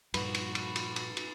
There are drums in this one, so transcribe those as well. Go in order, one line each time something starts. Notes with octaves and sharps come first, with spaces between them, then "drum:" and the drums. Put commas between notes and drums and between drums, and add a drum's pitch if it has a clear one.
G2 A#2 F3 F#4 B4, drum: cymbal
drum: cymbal
drum: cymbal
drum: cymbal
drum: cymbal
drum: cymbal